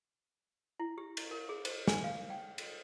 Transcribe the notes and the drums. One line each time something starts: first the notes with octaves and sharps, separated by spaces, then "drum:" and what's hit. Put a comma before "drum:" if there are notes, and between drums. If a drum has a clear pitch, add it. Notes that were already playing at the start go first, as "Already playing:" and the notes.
E4
G4
drum: cymbal
A#4
G#4
C5, drum: cymbal
G#5, drum: snare
F5
G5
drum: cymbal